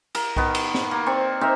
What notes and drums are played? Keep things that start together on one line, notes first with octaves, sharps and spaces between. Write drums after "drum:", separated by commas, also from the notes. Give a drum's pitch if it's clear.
A#4, drum: cymbal
D#3 B3, drum: kick B1
drum: cymbal
drum: snare
A#3
C4 D5 C#6
C4 D#4 A#4 E5